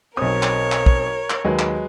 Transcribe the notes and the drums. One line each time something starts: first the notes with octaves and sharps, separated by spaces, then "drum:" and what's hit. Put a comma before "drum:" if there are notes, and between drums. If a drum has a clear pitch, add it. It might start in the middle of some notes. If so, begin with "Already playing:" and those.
B1 C4 A#4 C#5 D#6
drum: clap
drum: clap
drum: kick
drum: clap
D#2 F#3 G#3 B4
drum: clap